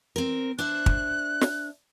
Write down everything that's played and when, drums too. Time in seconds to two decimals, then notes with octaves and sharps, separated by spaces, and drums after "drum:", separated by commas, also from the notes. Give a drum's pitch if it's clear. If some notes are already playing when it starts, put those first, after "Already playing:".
0.16 C4 A#4
0.59 D4 C5 E5 F#6
0.86 drum: kick
1.41 drum: snare